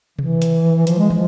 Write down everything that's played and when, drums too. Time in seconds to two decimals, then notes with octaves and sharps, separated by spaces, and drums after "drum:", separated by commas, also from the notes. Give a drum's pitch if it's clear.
0.19 E3, drum: tom C3
0.42 drum: hi-hat
0.87 F3, drum: hi-hat
0.99 G#3
1.10 F3, drum: tom